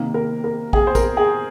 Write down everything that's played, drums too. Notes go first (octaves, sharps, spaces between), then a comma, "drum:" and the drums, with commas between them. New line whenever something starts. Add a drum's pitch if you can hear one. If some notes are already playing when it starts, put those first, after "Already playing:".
Already playing: C3 D#3 A#3
A#4
A#4
G#4, drum: kick
C5
A#4, drum: kick, tambourine
G#4